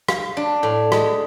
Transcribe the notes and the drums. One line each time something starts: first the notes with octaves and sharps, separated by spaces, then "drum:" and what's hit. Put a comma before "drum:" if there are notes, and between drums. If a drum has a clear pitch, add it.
F5, drum: rim click
D4
A2
G#3, drum: rim click